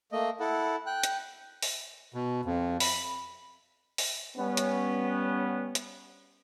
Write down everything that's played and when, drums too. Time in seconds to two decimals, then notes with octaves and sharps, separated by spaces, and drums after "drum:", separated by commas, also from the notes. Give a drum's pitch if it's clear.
0.12 A3 A#3 D#5
0.40 E4 A4 F#5
0.86 G5 F#6
1.04 drum: hi-hat
1.62 drum: open hi-hat
2.14 B2
2.45 F2
2.80 B5, drum: open hi-hat
3.98 drum: open hi-hat
4.37 G3 B3 C#4
4.57 drum: hi-hat
5.75 drum: hi-hat